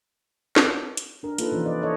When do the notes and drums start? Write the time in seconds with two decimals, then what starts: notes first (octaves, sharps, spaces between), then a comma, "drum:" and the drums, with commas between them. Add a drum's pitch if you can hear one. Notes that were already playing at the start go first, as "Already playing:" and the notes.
0.56 drum: snare
0.97 drum: hi-hat
1.23 D4 A#4
1.38 A#3 D#4 F4 A4 B4, drum: hi-hat
1.51 C3 E3 F3 C#4
1.65 B4 D5 D#5
1.82 D#4 A4 C#5 D#5 E5